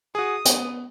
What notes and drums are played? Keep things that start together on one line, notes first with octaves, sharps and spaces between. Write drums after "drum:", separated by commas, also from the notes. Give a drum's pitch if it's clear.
F#4 G#4 D#6
B3, drum: hi-hat